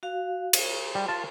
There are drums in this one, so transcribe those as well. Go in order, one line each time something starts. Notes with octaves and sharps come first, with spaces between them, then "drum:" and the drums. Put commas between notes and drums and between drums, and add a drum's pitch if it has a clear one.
F#4 F5
G#4, drum: cymbal
G3
F4 A5